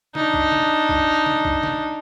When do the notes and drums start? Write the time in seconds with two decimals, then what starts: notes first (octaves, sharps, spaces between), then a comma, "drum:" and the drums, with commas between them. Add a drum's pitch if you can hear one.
0.15 D4 D#4, drum: snare
0.34 drum: kick
0.52 drum: snare
0.89 drum: kick
1.26 drum: snare
1.45 drum: kick
1.63 drum: snare